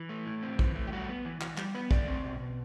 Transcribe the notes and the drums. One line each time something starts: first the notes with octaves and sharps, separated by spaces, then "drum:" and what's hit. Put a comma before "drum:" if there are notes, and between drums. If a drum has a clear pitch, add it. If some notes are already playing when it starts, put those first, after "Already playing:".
Already playing: E3
A3
A2
C4
E3, drum: kick A#1
A3
G4
G3 F#4
B3
E3
E3 F#4, drum: clap
G3 G4, drum: clap
B3 B4
A3 D5, drum: kick A#1
C4
B2
B2